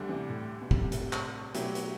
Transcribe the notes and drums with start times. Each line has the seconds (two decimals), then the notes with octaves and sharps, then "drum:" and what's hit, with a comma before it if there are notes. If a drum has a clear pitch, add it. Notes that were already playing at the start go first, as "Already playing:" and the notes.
Already playing: D2 D3 G3 D4
0.09 C3 E3
0.29 A2
0.61 B2
0.71 A2 C3, drum: kick
0.92 drum: hi-hat
1.13 drum: clap
1.55 B2 F#3 A3 E4 G4, drum: hi-hat
1.75 drum: hi-hat